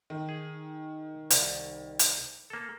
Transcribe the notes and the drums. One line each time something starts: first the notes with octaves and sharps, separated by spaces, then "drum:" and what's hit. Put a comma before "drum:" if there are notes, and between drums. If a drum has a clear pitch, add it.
D#3
G#4
C2, drum: hi-hat
drum: hi-hat
A#3 A4